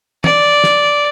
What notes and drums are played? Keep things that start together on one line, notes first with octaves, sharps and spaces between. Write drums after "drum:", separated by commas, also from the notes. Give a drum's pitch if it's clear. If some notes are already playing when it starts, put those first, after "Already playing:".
D5, drum: tom
drum: snare